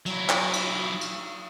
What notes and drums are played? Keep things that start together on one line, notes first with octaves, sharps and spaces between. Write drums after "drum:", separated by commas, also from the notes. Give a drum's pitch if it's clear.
F#3 E4, drum: cymbal
drum: clap
drum: cymbal
drum: cymbal